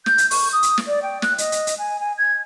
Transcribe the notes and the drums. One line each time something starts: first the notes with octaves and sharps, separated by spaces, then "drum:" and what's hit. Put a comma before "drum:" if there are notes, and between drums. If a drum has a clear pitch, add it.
G6, drum: snare
drum: hi-hat
C#6, drum: open hi-hat
D#6
drum: hi-hat
drum: snare
D5
G5
F#6, drum: snare
D#5, drum: hi-hat
drum: hi-hat
drum: hi-hat
G#5
G#5
G#6